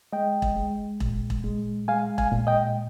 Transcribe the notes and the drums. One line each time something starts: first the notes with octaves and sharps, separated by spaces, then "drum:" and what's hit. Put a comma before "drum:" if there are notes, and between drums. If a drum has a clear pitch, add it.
G#3 D#5 G5
drum: kick E1
G#3
A#2, drum: kick E1
drum: kick E1
G#3
G#3 F5 G#5
F5 G#5, drum: kick E1
A#2
D#5 G5